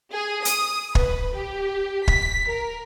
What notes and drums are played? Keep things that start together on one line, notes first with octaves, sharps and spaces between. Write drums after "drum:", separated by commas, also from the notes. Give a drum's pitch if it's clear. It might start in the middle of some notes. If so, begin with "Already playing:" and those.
G#4
D#6, drum: hi-hat
B4, drum: kick
G4
B6, drum: kick
A#4